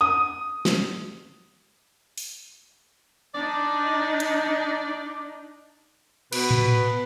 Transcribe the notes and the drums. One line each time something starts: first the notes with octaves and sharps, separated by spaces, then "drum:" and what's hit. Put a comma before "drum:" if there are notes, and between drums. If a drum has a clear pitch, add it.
D#6
drum: snare
drum: open hi-hat
D4 D#4 D5
drum: hi-hat
B2 B4, drum: cymbal
drum: tom A2